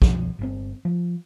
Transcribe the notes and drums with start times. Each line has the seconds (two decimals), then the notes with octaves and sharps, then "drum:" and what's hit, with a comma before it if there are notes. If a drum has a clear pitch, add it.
0.02 F#1 C2 B2 F3, drum: kick
0.39 G1 A#2 C4
0.85 F3